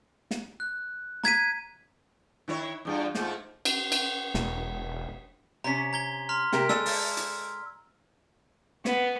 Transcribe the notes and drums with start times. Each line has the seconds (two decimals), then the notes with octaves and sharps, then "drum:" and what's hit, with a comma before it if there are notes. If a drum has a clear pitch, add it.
0.31 drum: snare
0.60 F#6
1.24 A#5 G#6 B6 D#7, drum: snare
2.48 D#3 E4 C#5
2.85 E2 G2 F4
3.15 G#2 A3 F4, drum: snare
3.65 drum: cymbal
3.92 drum: cymbal
4.34 E1, drum: snare
5.64 C3 C#4 A#5 B6
5.93 A#5 G#6 G7
6.29 A#5 C6 F6
6.53 C3 G4 A#4, drum: snare
6.69 G#3 A4 D5 E6, drum: snare
6.86 drum: open hi-hat
7.17 drum: hi-hat
8.85 B3, drum: snare